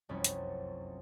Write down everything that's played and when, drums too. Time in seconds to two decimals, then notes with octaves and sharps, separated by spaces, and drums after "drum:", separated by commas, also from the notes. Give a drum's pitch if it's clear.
0.09 F1 C2 F#2 C#4 B5
0.24 drum: hi-hat